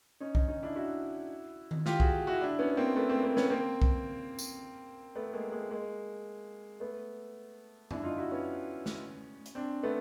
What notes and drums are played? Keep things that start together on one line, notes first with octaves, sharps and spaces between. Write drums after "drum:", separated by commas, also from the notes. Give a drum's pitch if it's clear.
C#4 D#4
C#4 D#4, drum: kick
C#4 D#4
D4 E4
E4 F#4
drum: tom D#3
F4 G4, drum: snare
F#4 G#4, drum: kick
E4 F#4
D4 E4
B3 C#4
A#3 C4
A3 B3
A#3 C4
A#3 C4
B3 C#4, drum: snare
A#3 C4
drum: kick
drum: tambourine
A3 B3
G#3 A#3
G#3 A#3
G#3 A#3
A3 B3
D4 E4, drum: tom
D#4 F4
E4 F#4
B3 C#4
drum: snare
drum: hi-hat
C4 D4
A3 B3